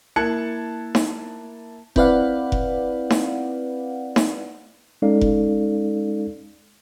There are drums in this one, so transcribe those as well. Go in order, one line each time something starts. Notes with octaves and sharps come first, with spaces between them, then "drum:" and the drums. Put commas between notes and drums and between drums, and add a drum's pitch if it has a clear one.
A#3 E4 A5 F#6 G#6 C#7
drum: snare D#4
C4 E4 B4 D5 F5 F#5, drum: kick F1
drum: kick F1
drum: snare D#4
drum: snare D#4
G#3 C#4 D#4 A4 D5 F5
drum: kick F1